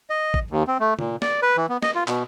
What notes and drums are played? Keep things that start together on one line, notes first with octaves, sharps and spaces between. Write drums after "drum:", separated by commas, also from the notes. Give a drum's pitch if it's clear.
D#5
drum: kick
D#2
C4
A3
A#2, drum: tom C#3
D5, drum: snare
B4
E3
B3
D#5, drum: snare
F4
B2, drum: clap